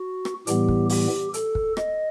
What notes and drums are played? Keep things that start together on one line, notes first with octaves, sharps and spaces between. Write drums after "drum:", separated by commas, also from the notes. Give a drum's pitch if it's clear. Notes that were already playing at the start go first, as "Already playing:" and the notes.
Already playing: F#4
drum: rim click
A2 E3 G3 B3 G4, drum: hi-hat
drum: kick
G4, drum: open hi-hat
A4, drum: hi-hat
drum: kick
D#5, drum: rim click